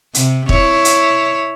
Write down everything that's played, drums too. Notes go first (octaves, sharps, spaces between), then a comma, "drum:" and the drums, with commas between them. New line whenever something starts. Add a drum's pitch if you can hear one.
C3, drum: hi-hat
E4 C#5, drum: kick
drum: hi-hat